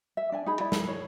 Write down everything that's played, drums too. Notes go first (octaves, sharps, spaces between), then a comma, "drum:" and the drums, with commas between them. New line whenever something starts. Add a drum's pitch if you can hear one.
E5
D4 D5 G#5
D#4 G#4 B5
E4 D5 B5
A4, drum: snare
C#5